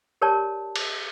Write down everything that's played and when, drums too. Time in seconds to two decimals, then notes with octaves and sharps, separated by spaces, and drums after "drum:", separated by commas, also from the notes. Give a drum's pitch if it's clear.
0.21 G4 A#4 C#5 D5 A5
0.76 drum: cymbal